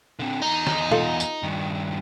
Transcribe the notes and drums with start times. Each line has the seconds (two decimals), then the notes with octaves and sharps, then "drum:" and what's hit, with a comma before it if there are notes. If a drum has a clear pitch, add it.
0.20 D3 C4
0.42 E2 D#4 A#5
0.67 drum: snare
0.91 F4 A4 F5, drum: tom
1.20 drum: tambourine
1.43 G2 D#3